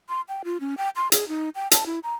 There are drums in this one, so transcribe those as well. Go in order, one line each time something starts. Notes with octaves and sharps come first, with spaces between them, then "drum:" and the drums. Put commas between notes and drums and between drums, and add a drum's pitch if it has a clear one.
C6
G5
F4
C#4
G5
C6
G#4, drum: hi-hat
D#4
G5
A5, drum: hi-hat
E4
A#5